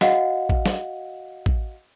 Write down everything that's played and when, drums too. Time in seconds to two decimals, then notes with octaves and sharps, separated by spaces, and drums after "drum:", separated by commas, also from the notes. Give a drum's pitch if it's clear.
0.01 F#4 D#5 F5 F#5, drum: snare
0.49 drum: kick A1
0.66 drum: snare
1.46 drum: kick A1